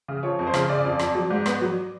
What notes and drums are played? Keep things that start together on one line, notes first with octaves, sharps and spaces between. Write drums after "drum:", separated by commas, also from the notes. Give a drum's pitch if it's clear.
C#3
F3 C#5
F2
C5
C#3, drum: rim click
C#3 D5
F2
F2, drum: rim click
F#3
G#2
B3, drum: rim click
F#3